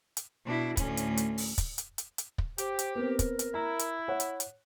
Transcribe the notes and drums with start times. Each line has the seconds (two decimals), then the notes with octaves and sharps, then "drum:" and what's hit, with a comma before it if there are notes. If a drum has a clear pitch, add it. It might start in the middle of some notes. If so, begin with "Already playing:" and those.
0.17 drum: hi-hat
0.45 B2 D4 E4
0.77 D2 A2 C#4, drum: kick, hi-hat
0.97 drum: hi-hat
1.17 drum: hi-hat
1.38 drum: open hi-hat
1.58 drum: kick, hi-hat
1.78 drum: hi-hat
1.98 drum: hi-hat
2.18 drum: hi-hat
2.38 drum: kick
2.58 G4 C5, drum: hi-hat
2.79 drum: hi-hat
2.95 B3 C4 A#4
3.19 drum: kick, hi-hat
3.39 drum: hi-hat
3.54 E4 A#5
3.79 drum: hi-hat
4.08 C#5 F#5
4.20 drum: hi-hat
4.40 drum: hi-hat